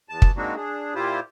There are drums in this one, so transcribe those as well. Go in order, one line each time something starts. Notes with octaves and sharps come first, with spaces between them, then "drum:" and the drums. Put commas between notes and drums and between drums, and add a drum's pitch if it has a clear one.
E2 A5
drum: kick
G#3 A#3 C4 D4 D#4 F#4
D4 G#4
A#2 E4 F4 G4 C5